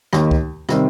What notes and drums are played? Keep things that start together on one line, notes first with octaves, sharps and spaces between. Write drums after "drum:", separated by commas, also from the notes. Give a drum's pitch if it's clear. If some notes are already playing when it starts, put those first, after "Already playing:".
D#2 D#3 A#3, drum: rim click
drum: kick C#2
C3 D#3 G3 C4, drum: rim click